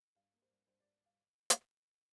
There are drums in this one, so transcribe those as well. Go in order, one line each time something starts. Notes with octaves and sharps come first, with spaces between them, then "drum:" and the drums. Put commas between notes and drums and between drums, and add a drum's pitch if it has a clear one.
G2 F5
A#3
C5
G2
G2 C5
G2 D5
F5
drum: hi-hat